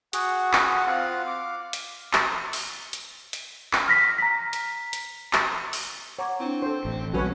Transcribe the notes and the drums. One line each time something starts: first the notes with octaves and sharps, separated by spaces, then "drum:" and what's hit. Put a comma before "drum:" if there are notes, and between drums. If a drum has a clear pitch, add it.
F#4 G#4 F#5, drum: hi-hat
drum: clap
C4 F4 F5 F#5
D6
drum: hi-hat
drum: clap
drum: open hi-hat
drum: hi-hat
drum: hi-hat
drum: clap
F6 A#6 B6
A#5 B6
drum: hi-hat
drum: hi-hat
drum: clap
drum: open hi-hat
C#5 F#5 A#5 D6
C4 D4 E4
A4 C5
A1
B1 F#3 G3 C#4 F#4 B4 C#5